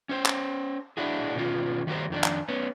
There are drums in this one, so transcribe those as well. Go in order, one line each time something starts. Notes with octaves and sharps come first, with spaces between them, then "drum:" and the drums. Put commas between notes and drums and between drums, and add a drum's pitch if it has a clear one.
C#4 C5
drum: clap
D4 E4 F#4 G#4
B2 D#3 C#4 F4
D#3 G3 F#4 A#4 C5
F2 D#3 D4
drum: clap
B3 C#4